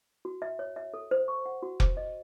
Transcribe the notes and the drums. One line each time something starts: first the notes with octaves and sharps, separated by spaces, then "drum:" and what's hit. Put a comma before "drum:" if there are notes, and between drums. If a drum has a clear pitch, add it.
F#4
E5
C#5
E5
A4
C5
C#6
F#5
F#4
C5, drum: kick F1
D#5